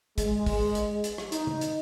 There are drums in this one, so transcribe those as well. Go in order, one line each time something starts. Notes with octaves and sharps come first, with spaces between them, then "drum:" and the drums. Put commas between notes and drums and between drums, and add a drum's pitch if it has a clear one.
G#3, drum: kick, hi-hat
drum: kick, open hi-hat
drum: hi-hat
drum: hi-hat
drum: rim click
D#4, drum: hi-hat
drum: tom
drum: hi-hat